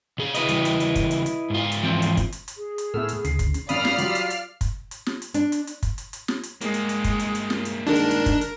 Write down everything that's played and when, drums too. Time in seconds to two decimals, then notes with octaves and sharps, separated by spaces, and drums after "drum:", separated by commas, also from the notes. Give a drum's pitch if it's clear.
0.18 C3 G#4
0.35 E4 B4 D#5, drum: hi-hat
0.49 C#3 E3 G3, drum: hi-hat
0.65 drum: hi-hat
0.80 drum: hi-hat
0.95 drum: kick, hi-hat
1.11 drum: hi-hat
1.26 drum: hi-hat
1.50 G#2 F4
1.72 drum: hi-hat
1.83 E3 F3 C4
2.02 drum: hi-hat
2.17 drum: kick, hi-hat
2.32 drum: hi-hat
2.48 drum: hi-hat
2.57 G#4
2.78 drum: hi-hat
2.94 A2 A3 B3 E5 E6 F6
3.09 drum: hi-hat
3.25 D2 C#3 C7, drum: hi-hat
3.39 drum: kick, hi-hat
3.54 drum: hi-hat
3.69 G#1 F#2 D5 F5 B5 D#6 F6 C7, drum: hi-hat
3.85 drum: snare
3.98 F#3 G3 F4, drum: hi-hat
4.15 drum: hi-hat
4.30 drum: hi-hat
4.61 drum: kick, hi-hat
4.91 drum: hi-hat
5.06 drum: snare
5.22 drum: hi-hat
5.34 D4, drum: hi-hat
5.52 drum: hi-hat
5.67 drum: hi-hat
5.83 drum: kick, hi-hat
5.98 drum: hi-hat
6.13 drum: hi-hat
6.28 drum: snare
6.43 drum: hi-hat
6.61 G2 G#3 A#3, drum: hi-hat
6.74 drum: hi-hat
6.89 drum: hi-hat
7.04 drum: kick, hi-hat
7.20 drum: hi-hat
7.35 drum: hi-hat
7.50 drum: snare
7.65 drum: hi-hat
7.87 D#3 G#3 D4 A#4
7.96 drum: hi-hat
8.11 drum: hi-hat
8.26 drum: kick, hi-hat
8.41 drum: hi-hat